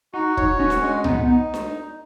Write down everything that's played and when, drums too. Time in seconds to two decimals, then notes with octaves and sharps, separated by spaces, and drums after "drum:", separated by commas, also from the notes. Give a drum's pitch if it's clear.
0.13 D#4 F#4
0.37 C#5, drum: kick
0.59 C#4 F#4
0.70 drum: snare D4
0.82 G#3
1.04 B3 D#4, drum: tom C2
1.27 D#4
1.54 drum: snare D4